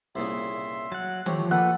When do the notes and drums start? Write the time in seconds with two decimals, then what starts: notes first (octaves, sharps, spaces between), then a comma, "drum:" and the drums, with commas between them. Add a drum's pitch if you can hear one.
0.16 C2 A#2 C#3 E5 C6
0.92 F#3 F#5 A5
1.26 F3 A3 C4 G4 C#5, drum: tom D#3
1.51 A#2 A4 B4 F#5